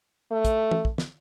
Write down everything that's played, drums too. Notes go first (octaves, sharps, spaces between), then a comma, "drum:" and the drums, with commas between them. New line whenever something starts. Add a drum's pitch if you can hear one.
A3
drum: kick, hi-hat
drum: tom
drum: kick
drum: snare